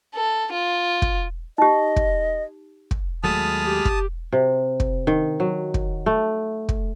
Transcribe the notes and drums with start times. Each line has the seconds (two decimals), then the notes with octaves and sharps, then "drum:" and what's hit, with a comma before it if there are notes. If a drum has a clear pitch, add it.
0.15 A4
0.52 F4
1.02 drum: kick
1.58 D#4 G4 D#5
1.96 drum: kick
2.91 drum: kick
3.24 D#2 F#3 G#3 A3 A5 B5 D#6 F6
3.64 G4
3.85 drum: kick
4.32 C3
4.80 drum: kick
5.07 D#3
5.40 F#3
5.74 drum: kick
6.06 A3
6.69 drum: kick